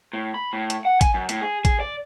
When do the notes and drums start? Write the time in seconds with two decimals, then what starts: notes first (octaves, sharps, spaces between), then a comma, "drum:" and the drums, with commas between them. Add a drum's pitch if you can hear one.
0.13 A2
0.34 B5
0.53 A2
0.70 drum: hi-hat
0.85 F#5
1.01 G#5, drum: kick A1, hi-hat
1.14 F#2
1.29 A2, drum: hi-hat
1.42 G#4
1.65 G#4, drum: kick A1, hi-hat
1.80 D5